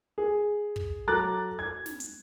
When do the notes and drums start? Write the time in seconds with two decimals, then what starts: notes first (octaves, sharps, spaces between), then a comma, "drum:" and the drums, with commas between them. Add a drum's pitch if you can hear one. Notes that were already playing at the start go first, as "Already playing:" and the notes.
0.18 G#4
0.76 drum: kick
1.07 F#3 A4 A#5 D6 F#6 A6
1.59 G#6
1.86 drum: snare
2.00 drum: hi-hat